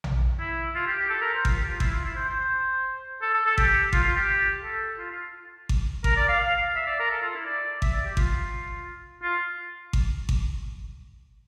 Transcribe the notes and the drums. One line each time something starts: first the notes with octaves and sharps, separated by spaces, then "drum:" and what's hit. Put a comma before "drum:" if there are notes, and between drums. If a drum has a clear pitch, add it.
drum: tom A#1
E4
F4
G4
G4
A4
A#4
C5
F4, drum: kick G#1
G4
F4
E4, drum: kick G#1
F4
E4
C5
C5
C5
A4
A4
A4
G4, drum: kick G#1
F4, drum: kick G#1
F4
G4
A4
F4
F4
drum: kick G#1
A#4, drum: kick G#1
D5
F5
F5
E5
D5
A#4
A4
F4
E4
D5
E5, drum: kick G#1
D5
G4
F4, drum: kick G#1
F4
drum: kick G#1
drum: kick G#1